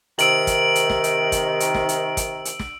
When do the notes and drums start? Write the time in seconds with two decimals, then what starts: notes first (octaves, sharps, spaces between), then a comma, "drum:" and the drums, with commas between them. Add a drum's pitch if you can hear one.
0.19 C3 D#3 E6 D7 F#7, drum: hi-hat
0.47 drum: kick, hi-hat
0.75 drum: hi-hat
0.90 drum: snare
1.04 drum: hi-hat
1.32 drum: kick, hi-hat
1.60 drum: hi-hat
1.74 drum: snare
1.89 drum: hi-hat
2.17 drum: kick, hi-hat
2.45 drum: hi-hat
2.59 drum: snare